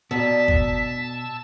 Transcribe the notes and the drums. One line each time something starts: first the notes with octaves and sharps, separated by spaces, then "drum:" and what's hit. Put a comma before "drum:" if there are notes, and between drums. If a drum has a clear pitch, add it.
B2 D3 D#4 A5 E6 B6
drum: kick G1